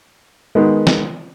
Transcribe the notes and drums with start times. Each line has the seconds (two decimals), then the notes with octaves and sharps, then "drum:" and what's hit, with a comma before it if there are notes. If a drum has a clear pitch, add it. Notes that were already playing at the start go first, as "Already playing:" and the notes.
0.55 D#3 G#3 B3
0.87 drum: snare